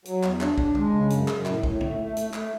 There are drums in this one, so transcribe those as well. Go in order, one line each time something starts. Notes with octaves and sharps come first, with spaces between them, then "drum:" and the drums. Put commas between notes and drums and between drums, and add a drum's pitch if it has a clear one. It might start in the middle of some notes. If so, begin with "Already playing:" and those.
F#3, drum: hi-hat
E2, drum: clap
D4, drum: clap
D4, drum: kick B1
G#3, drum: tom
C#3
F#2, drum: hi-hat
F#2, drum: clap
A2, drum: clap
A2, drum: kick B1
A3, drum: tom
A3
A3, drum: hi-hat
A3, drum: clap